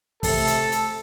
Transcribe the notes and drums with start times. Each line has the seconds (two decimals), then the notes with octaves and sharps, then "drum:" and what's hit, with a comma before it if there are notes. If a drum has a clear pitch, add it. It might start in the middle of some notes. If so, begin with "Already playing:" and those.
0.23 C3 A3 C4 A4, drum: kick, open hi-hat
0.47 drum: hi-hat
0.72 drum: hi-hat